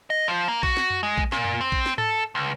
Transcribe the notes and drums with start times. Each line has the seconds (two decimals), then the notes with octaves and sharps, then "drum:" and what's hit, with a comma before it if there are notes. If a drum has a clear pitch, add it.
0.10 D#5
0.28 F3
0.48 A#3
0.63 F#4, drum: kick
0.77 drum: snare
0.90 drum: tom F2
1.03 G#3
1.18 drum: kick
1.32 A#2, drum: snare
1.45 drum: tom F2
1.61 C4
1.72 drum: kick
1.86 drum: snare
1.98 A4, drum: tom G#2
2.35 C#2